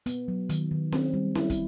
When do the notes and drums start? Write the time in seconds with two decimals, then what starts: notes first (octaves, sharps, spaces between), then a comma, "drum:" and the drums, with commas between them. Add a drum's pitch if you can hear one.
0.06 B3, drum: hi-hat
0.28 F#3
0.49 D#3, drum: hi-hat
0.71 D#3
0.92 C4, drum: snare C#4
1.14 G3
1.35 E4, drum: snare C#4
1.50 drum: kick, hi-hat